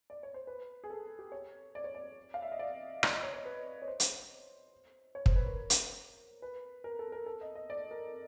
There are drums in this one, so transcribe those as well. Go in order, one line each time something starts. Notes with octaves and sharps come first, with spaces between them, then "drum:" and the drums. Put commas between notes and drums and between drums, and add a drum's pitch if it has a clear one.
D5
C#5
C5
B4
G#4
A4
G4
C#5
D5
C#5
D5
F5
E5
D#5
D5
D5, drum: rim click
D#5
C#5
C#5
B4
C#5
C5
drum: hi-hat
C#5
C5, drum: kick
B4
A#4
drum: hi-hat
B4
A#4
A4
A#4
A4
D#5
D#5
D5
A#4